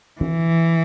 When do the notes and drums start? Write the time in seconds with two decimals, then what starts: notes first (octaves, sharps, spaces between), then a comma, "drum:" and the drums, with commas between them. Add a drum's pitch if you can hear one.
0.21 E3, drum: tom E3